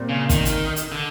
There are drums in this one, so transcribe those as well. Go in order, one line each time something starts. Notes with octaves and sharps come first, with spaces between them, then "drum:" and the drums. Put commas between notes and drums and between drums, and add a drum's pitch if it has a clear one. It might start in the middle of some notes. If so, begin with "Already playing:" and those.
Already playing: A#2 G3 C4
C#3
D#3, drum: kick, hi-hat
drum: hi-hat
drum: hi-hat
D3